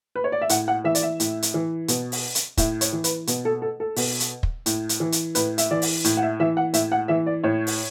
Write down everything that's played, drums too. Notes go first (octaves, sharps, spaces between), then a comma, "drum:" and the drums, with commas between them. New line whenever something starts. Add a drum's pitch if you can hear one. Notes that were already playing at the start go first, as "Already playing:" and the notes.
B4
C#5
D5
E5
A2 F#5, drum: hi-hat
F#5
E3 E5
D5, drum: hi-hat
E5
A2, drum: hi-hat
drum: hi-hat
E3
B2, drum: hi-hat
drum: open hi-hat
drum: hi-hat
A2 E5, drum: kick, hi-hat
C#5, drum: hi-hat
E3
B4, drum: hi-hat
B2, drum: hi-hat
A4
A4
A4
B2, drum: open hi-hat
drum: hi-hat
drum: kick
A2, drum: hi-hat
drum: hi-hat
E3
drum: hi-hat
A2 B4, drum: hi-hat
E5, drum: hi-hat
E3 D5
drum: open hi-hat
A2, drum: hi-hat
F#5
E5
E3 E5
F#5
A2 E5, drum: hi-hat
F#5
E3 E5
D5
A2 C#5
drum: open hi-hat